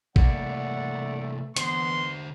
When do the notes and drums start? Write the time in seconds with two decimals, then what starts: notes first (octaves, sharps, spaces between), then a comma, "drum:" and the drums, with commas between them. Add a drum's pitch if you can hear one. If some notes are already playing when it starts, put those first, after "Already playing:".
0.16 C2 A3 A#3 D5 F#5, drum: kick
1.56 D3 E3 B3 C5 C6, drum: hi-hat